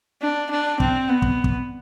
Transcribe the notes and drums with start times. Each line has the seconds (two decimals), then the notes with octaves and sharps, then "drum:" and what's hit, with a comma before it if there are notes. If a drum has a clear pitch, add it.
0.22 D4
0.51 D4
0.80 C4, drum: kick
1.09 B3
1.22 drum: kick
1.44 drum: kick